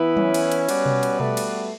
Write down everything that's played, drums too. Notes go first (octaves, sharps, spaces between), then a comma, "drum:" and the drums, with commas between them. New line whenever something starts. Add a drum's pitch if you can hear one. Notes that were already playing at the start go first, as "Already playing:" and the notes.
Already playing: E3 B3 E4 B4
C#4, drum: tom F#3
drum: cymbal
drum: cymbal
G3 B3 F#4 B4 D5, drum: cymbal
drum: tom B2
drum: cymbal
A3, drum: tom B2
drum: cymbal